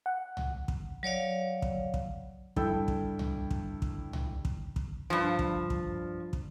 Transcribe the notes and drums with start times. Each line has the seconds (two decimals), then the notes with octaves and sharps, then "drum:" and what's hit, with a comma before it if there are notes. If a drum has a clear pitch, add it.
0.06 F#5
0.37 drum: tom
0.68 drum: kick
1.03 F#3 C#5 D5 F5
1.62 drum: kick
1.94 drum: kick
2.56 G2 E4 A4 G5 E6 G6, drum: kick
2.88 drum: kick
3.19 drum: tom
3.51 drum: kick
3.82 drum: kick
4.13 drum: tom
4.45 drum: kick
4.76 drum: kick
5.10 G2 F3
5.39 drum: kick
5.70 drum: kick
6.33 drum: kick